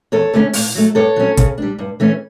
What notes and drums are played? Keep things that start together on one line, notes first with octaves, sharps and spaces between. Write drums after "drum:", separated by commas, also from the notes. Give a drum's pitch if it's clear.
E2 A4 C#5
D3 A3 C#4
A2, drum: open hi-hat
F#3 A3
G2 A4 C#5
F#3 C#4
C#3, drum: kick, hi-hat
G3 D4
G2
E3 A3 C#4